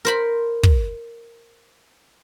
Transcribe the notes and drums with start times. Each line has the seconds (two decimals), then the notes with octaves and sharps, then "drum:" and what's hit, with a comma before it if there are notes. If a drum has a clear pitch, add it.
0.05 A#4 C5 B5
0.63 drum: kick